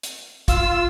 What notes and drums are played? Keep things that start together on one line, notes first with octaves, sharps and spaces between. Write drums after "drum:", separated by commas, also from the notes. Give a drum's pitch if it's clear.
drum: hi-hat
F4 E6, drum: kick, hi-hat